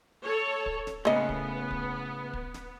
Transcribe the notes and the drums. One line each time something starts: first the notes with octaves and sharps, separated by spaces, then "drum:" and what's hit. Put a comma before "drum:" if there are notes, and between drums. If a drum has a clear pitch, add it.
A4 C#5
drum: kick
drum: snare
A2 C#3 A#3 B3 D#5
drum: kick
drum: kick
drum: kick
drum: snare